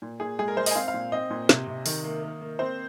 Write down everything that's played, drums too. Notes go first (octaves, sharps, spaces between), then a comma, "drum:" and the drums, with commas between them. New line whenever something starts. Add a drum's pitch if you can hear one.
A#2
A#2 G#4
G#3 G#4
A#4
G#3 C5
D#5 G#5, drum: open hi-hat
C4 F5
F5
A#2
C4 D#5
A#2
C3, drum: snare
C3
D#3, drum: open hi-hat
A#3
A#3
A#3
C4 C5